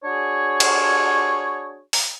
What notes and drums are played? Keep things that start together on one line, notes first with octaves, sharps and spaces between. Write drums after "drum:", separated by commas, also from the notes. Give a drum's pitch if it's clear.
D4 F#4 G#4 C#5
drum: cymbal
drum: open hi-hat